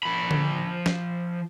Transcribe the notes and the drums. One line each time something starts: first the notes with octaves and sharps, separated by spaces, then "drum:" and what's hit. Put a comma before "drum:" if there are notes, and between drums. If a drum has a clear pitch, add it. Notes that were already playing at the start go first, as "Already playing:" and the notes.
F3 B5
drum: tom D3
drum: snare